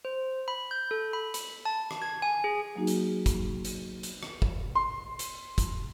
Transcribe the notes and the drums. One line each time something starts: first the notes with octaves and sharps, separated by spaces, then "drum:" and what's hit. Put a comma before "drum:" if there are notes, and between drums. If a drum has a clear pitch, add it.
C5
B5
G6
A4
B5
B5, drum: hi-hat
A5
drum: rim click
G#6
G#5
G#4
F#3 A#3 D#4 F#4 G#4
drum: hi-hat
drum: kick, hi-hat
drum: hi-hat
drum: hi-hat
drum: rim click
drum: kick
C6
drum: hi-hat
drum: kick, hi-hat